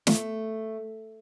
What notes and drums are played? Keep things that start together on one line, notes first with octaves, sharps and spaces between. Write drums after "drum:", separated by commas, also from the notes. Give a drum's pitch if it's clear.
A3, drum: snare